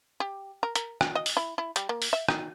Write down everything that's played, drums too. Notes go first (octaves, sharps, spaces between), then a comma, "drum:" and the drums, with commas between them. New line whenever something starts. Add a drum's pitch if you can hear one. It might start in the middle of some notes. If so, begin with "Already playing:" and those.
G4
A#4
A#4, drum: hi-hat
G#5, drum: rim click
D#5
drum: open hi-hat
E4
E4
G3, drum: hi-hat
A#3
drum: open hi-hat
E5
D#4, drum: rim click